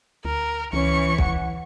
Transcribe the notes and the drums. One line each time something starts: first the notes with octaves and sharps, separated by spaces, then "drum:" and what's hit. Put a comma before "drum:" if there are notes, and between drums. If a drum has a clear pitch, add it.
D2 A#4
C#2 E3 C#4 C#6
F#5, drum: kick B1